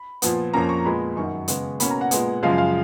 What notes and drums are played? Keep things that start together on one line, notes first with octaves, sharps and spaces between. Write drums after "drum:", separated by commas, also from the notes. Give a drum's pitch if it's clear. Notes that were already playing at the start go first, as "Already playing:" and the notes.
Already playing: B5
A#2 F3 B3, drum: hi-hat
F2 F3 A#3 C#4 A#5
C#6
A#2 G#3 B3 B5
F#2 D#3 F#3 C#6
C#3 G#3 B3, drum: hi-hat
B2 A#3 C#4 B5, drum: hi-hat
A#5
F#5
A#2 G#3 B3, drum: hi-hat
F#2 C#3 F3 G#3 F5
F5